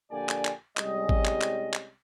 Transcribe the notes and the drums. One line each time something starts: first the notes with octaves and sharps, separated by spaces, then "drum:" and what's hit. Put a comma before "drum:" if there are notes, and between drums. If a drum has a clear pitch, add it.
A#1 A#2 D3 G4 D5 G#5
drum: clap
drum: clap
C2 G3 G#3 C#4 D#5, drum: clap
drum: kick G#1
drum: clap
drum: clap
drum: clap